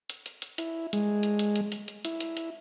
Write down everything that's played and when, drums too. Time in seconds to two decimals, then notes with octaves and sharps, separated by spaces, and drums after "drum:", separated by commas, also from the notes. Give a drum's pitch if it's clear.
0.10 drum: hi-hat
0.26 drum: hi-hat
0.42 drum: hi-hat
0.58 E4, drum: hi-hat
0.93 G#3, drum: hi-hat
1.23 drum: hi-hat
1.39 drum: hi-hat
1.56 drum: hi-hat
1.72 drum: hi-hat
1.88 drum: hi-hat
2.05 E4, drum: hi-hat
2.20 drum: hi-hat
2.37 drum: hi-hat